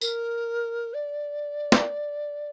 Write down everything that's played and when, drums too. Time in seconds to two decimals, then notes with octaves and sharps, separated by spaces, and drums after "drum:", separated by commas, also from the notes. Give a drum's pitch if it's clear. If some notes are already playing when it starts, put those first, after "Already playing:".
0.01 A#4, drum: tambourine
0.94 D5
1.72 drum: snare